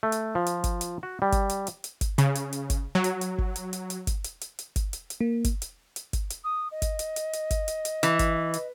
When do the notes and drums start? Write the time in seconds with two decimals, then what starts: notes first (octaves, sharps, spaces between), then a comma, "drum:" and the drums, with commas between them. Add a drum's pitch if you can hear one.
0.03 A3
0.12 drum: hi-hat
0.35 F3
0.46 drum: hi-hat
0.64 drum: kick G1, hi-hat
0.81 drum: hi-hat
1.03 F#4
1.22 G3
1.32 drum: kick G1, hi-hat
1.50 drum: hi-hat
1.67 drum: hi-hat
1.84 drum: hi-hat
2.01 drum: kick G1, hi-hat
2.18 C#3, drum: hi-hat
2.35 drum: hi-hat
2.53 drum: hi-hat
2.70 drum: kick G1, hi-hat
2.95 F#3
3.04 drum: hi-hat
3.21 drum: hi-hat
3.38 drum: kick G1
3.56 drum: hi-hat
3.73 drum: hi-hat
3.90 drum: hi-hat
4.07 drum: kick G1, hi-hat
4.24 drum: hi-hat
4.41 drum: hi-hat
4.59 drum: hi-hat
4.76 drum: kick G1, hi-hat
4.93 drum: hi-hat
5.10 drum: hi-hat
5.21 A#3
5.44 drum: kick G1, hi-hat
5.62 drum: hi-hat
5.96 drum: hi-hat
6.13 drum: kick G1, hi-hat
6.30 drum: hi-hat
6.44 D#6
6.71 D#5
6.82 drum: kick G1, hi-hat
6.99 drum: hi-hat
7.16 drum: hi-hat
7.33 drum: hi-hat
7.51 drum: kick G1, hi-hat
7.68 drum: hi-hat
7.85 drum: hi-hat
8.03 E3, drum: hi-hat
8.19 drum: kick G1, hi-hat
8.54 drum: hi-hat